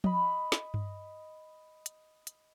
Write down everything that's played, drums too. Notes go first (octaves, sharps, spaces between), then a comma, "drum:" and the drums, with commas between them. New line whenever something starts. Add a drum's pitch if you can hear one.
D#5 B5, drum: tom F3
drum: snare
drum: tom G2
drum: hi-hat
drum: hi-hat